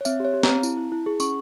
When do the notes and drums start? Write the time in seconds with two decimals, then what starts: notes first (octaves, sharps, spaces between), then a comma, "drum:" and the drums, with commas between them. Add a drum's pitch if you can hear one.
0.01 C#5
0.05 C4 E5, drum: tambourine
0.20 G4 C#5
0.34 G4
0.43 A#5, drum: snare
0.49 C4
0.63 E4, drum: tambourine
0.77 E4
0.92 E4
1.06 G#4
1.20 C#4 C#6, drum: tambourine